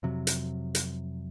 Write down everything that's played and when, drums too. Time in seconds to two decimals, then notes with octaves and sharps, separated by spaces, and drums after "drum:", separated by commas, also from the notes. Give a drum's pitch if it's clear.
0.03 F2 C3 F#3
0.27 drum: hi-hat
0.75 drum: hi-hat